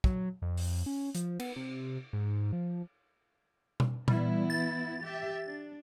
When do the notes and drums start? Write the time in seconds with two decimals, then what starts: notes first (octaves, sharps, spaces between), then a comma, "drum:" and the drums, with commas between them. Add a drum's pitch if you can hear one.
0.04 F#3, drum: kick
0.42 F2
0.57 drum: open hi-hat
0.86 C#4
1.15 F3, drum: hi-hat
1.39 B3, drum: cymbal
1.56 C3
2.13 G#2
2.53 F3
3.80 drum: tom B2
4.08 E3 G3 B3 E4, drum: tom A#2
4.50 A6
5.02 G4 E5
5.44 D4